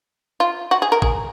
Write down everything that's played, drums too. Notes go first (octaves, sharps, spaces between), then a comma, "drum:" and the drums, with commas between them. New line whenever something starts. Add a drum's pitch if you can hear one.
F4
F#4
G#4
A#4
G#4, drum: kick G#1